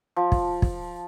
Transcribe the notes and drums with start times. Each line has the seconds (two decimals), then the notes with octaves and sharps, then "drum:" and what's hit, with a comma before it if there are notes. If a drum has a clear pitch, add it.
0.16 F3
0.32 drum: kick
0.62 drum: kick